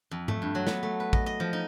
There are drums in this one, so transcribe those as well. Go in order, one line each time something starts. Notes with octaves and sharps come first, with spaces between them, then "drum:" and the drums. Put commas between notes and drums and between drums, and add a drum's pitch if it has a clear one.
F2
A3, drum: tom G#2
G2
F#3
B3, drum: snare
A3
B4
D#5, drum: kick
D#5
F3
D#4